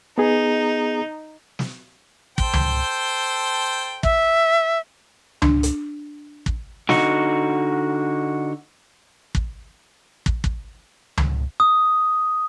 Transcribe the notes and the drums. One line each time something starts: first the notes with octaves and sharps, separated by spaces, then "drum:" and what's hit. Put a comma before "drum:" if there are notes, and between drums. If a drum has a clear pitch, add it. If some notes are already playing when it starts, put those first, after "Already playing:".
B3 D#4 G#4
drum: snare
A4 C5 G5, drum: kick
drum: tom C#2
E5, drum: kick
D4, drum: tom C#2
drum: hi-hat
drum: kick
D3 D#4 F#4, drum: snare
drum: kick
drum: kick
drum: kick
drum: tom C#2
D#6